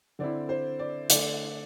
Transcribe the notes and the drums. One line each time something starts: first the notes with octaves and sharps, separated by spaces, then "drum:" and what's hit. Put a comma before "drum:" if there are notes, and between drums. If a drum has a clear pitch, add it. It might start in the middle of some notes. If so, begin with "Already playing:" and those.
D3 C4 E4 D5
C5
D5
D3 A3 D4 D5, drum: hi-hat